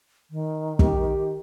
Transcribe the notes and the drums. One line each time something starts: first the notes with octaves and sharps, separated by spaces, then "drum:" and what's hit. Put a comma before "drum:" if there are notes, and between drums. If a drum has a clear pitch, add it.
D#3
G4, drum: kick